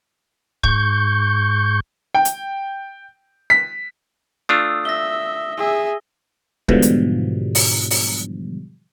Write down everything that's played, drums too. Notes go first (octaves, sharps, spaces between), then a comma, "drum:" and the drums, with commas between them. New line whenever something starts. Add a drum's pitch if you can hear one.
G#2 C#6 G6, drum: kick
G5
drum: hi-hat
B6
A3 D4 F4 D#6 E6
E5 A#6 G7
G#4 E5
G#2 B2 D3 E3 F3 G3, drum: kick
drum: hi-hat
drum: open hi-hat
drum: open hi-hat